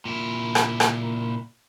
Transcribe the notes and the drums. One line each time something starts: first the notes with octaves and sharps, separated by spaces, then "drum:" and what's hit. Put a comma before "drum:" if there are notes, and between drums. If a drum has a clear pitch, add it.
A#2 E4
drum: rim click
drum: rim click